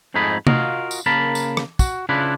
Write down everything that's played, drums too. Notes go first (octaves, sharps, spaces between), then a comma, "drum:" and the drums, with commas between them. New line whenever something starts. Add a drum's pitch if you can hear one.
F2 G#2 A3 D#4 G#4 B5
F4 F#4 A#4 D#5 F5, drum: tom C3
drum: tambourine
C#3 A#3 A#4 A5 B5
drum: tambourine
drum: rim click
F#4, drum: kick, tambourine
C#3 D4 E4 F4 B4